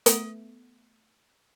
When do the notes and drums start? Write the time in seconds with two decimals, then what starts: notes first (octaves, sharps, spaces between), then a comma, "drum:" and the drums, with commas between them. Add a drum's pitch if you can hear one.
0.06 A3 B3, drum: hi-hat